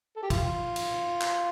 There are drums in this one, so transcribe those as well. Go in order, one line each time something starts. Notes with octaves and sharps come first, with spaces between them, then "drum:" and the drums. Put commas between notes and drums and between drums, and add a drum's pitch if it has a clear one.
A4
G4
F4, drum: kick, cymbal
drum: cymbal
drum: clap